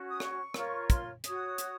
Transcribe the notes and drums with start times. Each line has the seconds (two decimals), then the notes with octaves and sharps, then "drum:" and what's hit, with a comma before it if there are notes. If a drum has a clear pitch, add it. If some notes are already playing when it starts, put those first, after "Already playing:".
Already playing: C#4 F#4 C#5
0.09 D#6
0.20 C#6, drum: rim click
0.54 F4 A#4 C#5, drum: rim click
0.90 C6, drum: kick, hi-hat
1.24 F#4 C#5 D#6, drum: hi-hat
1.58 drum: hi-hat